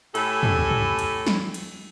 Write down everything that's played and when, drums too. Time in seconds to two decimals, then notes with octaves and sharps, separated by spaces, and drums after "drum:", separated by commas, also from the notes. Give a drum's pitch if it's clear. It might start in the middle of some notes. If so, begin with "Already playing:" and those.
0.15 A2 G4 A4 G#5 B5, drum: cymbal
0.43 drum: tom
0.71 drum: tom
0.99 drum: cymbal
1.27 drum: snare
1.54 drum: cymbal